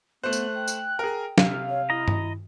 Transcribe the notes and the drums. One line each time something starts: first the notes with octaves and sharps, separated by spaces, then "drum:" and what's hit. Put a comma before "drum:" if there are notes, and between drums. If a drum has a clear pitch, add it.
A3 B3 C5 F#6
drum: tambourine
G5
drum: tambourine
G#4 A#4
C3 F5, drum: snare
C#5
E4 D#5 A#5
drum: tom G2